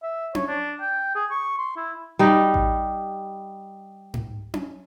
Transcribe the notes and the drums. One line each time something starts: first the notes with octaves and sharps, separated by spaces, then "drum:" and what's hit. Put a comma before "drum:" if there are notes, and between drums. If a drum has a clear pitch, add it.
E5
C#5, drum: tom C#4
D4
G5
G#4
C#6
C6
E4
G3 D#4
drum: kick A1
drum: tom G#2
drum: tom C#4